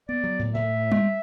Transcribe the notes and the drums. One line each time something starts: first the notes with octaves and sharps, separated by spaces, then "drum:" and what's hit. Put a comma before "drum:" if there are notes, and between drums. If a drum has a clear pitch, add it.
B3 D5
F#3
A2
A2 E5
drum: tom G3